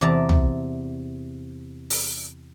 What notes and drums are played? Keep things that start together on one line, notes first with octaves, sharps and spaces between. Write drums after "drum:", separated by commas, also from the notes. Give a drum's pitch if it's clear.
E2 C3 D5 A5 A#5
drum: tom
drum: open hi-hat